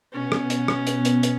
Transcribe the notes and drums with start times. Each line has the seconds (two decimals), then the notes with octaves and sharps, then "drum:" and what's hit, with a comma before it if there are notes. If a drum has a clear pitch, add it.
0.13 B2 B3 C#4
0.32 drum: rim click
0.50 drum: hi-hat
0.68 drum: rim click
0.87 drum: hi-hat
1.05 drum: hi-hat
1.23 drum: hi-hat